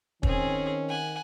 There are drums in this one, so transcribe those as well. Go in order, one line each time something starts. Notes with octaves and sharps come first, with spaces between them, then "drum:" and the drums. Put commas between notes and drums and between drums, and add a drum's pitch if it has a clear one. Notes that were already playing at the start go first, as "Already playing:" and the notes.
D#3 C4 C#4 G#4, drum: kick
F#5 G#5